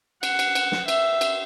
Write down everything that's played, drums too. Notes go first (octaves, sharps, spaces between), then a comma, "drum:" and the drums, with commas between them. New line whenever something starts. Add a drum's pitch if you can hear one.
F#5, drum: cymbal
drum: cymbal
drum: cymbal
drum: snare
E5, drum: cymbal
drum: cymbal